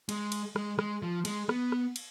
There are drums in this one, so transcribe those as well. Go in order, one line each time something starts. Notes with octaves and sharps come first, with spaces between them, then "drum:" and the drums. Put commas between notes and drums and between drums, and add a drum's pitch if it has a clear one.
G#3, drum: cymbal
drum: cymbal
G#3, drum: rim click
G#3, drum: rim click
F3
G#3, drum: cymbal
B3, drum: rim click
drum: rim click
drum: cymbal